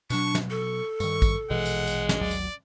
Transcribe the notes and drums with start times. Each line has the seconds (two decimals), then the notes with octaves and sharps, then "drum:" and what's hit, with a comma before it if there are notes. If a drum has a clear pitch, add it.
0.10 B2 F#3 D4 C#6, drum: tambourine
0.35 drum: snare
0.50 A4 C#6
1.00 G2 D#3 C#6, drum: tambourine
1.22 drum: kick, tambourine
1.50 A#1 B2 E3 G#3 F#5
1.66 drum: tambourine
1.87 drum: tambourine
2.09 drum: snare
2.20 A1 D#2 F#3 D5
2.31 drum: tambourine